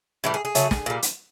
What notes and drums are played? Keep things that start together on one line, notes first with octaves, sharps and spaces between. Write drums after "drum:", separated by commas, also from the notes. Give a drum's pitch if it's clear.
A2 E3 G3 G4
G#4
G#4
C#3 F#3 A3, drum: hi-hat
drum: snare
A#2 G3
drum: hi-hat